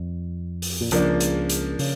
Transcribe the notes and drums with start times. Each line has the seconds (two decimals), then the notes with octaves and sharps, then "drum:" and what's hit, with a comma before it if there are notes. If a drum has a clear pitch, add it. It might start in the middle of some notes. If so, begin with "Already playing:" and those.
Already playing: F2
0.62 drum: open hi-hat
0.81 A#2
0.91 C#2 C#3 F3 A#3 D4, drum: hi-hat
1.20 drum: hi-hat
1.49 drum: hi-hat
1.79 C#3, drum: open hi-hat